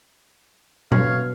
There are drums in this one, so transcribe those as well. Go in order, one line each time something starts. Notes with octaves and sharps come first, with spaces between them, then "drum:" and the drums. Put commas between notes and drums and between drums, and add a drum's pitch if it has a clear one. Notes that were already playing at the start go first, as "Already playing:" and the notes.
B2 C#5 F5, drum: tom B2